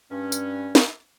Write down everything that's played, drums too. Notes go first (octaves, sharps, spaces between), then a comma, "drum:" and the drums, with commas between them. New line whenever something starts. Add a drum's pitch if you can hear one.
G2 C#4
drum: tambourine
drum: snare